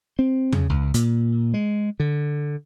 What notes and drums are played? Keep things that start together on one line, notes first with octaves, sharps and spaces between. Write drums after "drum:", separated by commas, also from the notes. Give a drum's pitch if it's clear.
C4
C#3, drum: tom E2
C#2
A#2, drum: hi-hat
G#3
D3